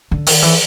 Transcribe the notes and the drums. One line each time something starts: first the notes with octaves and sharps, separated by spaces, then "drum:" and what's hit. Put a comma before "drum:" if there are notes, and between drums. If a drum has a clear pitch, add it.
D3
D#3, drum: open hi-hat
E3